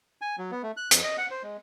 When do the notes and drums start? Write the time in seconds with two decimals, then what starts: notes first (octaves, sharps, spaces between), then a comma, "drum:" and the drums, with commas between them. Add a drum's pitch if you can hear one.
0.21 G#5
0.38 F#3
0.51 B3
0.63 A3
0.77 F#6
0.91 F2, drum: hi-hat
1.04 D#5
1.18 F#5
1.31 C5
1.43 G#3